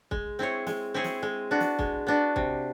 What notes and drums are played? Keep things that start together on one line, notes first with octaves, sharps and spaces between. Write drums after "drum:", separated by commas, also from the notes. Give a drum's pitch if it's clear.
G#3, drum: kick
C4 E4 G#4 C#5
G#3, drum: snare
C4 E4 G#4 C#5
drum: snare
G#3
B3 D4 F#4
drum: snare
G#3, drum: kick
B3 D4 F#4
C3, drum: kick